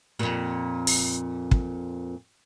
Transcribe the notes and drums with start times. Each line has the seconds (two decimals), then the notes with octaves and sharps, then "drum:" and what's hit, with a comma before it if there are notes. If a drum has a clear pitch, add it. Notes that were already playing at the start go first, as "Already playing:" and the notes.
0.19 F2 A#2
0.87 drum: open hi-hat
1.51 drum: kick